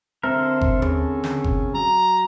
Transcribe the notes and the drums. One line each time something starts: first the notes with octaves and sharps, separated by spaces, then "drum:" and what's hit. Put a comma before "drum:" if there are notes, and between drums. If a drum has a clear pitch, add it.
D3 C4 A4 A#4 C5 E5
drum: kick G1
C#4 G#4, drum: tom D#2
drum: snare
drum: kick G1
F#3 A#5